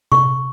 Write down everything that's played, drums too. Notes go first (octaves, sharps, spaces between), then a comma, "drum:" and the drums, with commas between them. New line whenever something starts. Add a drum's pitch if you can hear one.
C#6, drum: tom C3